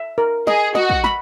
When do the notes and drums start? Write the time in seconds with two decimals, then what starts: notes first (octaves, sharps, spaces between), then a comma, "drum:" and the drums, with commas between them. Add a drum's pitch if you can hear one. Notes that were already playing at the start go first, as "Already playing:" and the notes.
Already playing: E5
0.18 A#4
0.47 G#4 D#5, drum: snare
0.75 F#4 D#5, drum: snare
0.90 drum: kick
1.04 B5, drum: snare